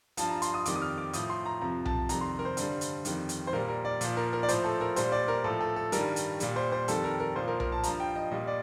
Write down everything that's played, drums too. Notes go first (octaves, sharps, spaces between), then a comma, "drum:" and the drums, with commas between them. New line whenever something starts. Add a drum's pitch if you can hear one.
G2 F3 A5, drum: hi-hat
A#5
C6, drum: hi-hat
D#6
F2 D#3 G3 D6, drum: hi-hat
D#6
F6
D6
A2 F3 D#6, drum: hi-hat
C6
A#5
F2 C3 F3 A#5
A5, drum: tom B1
F2 C3 D#3 G3 A#5, drum: hi-hat
C6
A#4
C5
G2 D3 G3, drum: hi-hat
drum: hi-hat
F2 D#3 G3, drum: hi-hat
drum: hi-hat
C5
A#2 G3 A#4
A#4
D5
A#2 F3, drum: hi-hat
A#4
A#4
D5
A2 F3 C5, drum: hi-hat
A4
A#4
A#2 G3 C5, drum: hi-hat
D5
A#4
A2 F3 A4
A4
A4
G2 D#3 G3 A#4, drum: hi-hat
drum: hi-hat
A#2 G3, drum: hi-hat
C5
C5
F2 D#3 G3 A4, drum: hi-hat
A#4
A#4
A#2 F3 C5
A#4
A#4, drum: tom B1
A5
G2 F3 A#5, drum: hi-hat
G5
D#5
A#2 G3 D#5
D5